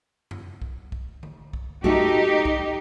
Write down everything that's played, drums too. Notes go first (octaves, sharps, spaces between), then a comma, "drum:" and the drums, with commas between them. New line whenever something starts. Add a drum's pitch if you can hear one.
drum: tom F2
drum: kick
drum: kick
drum: tom D3
drum: kick
A3 D#4 F#4 G4, drum: kick
drum: tom A2
drum: kick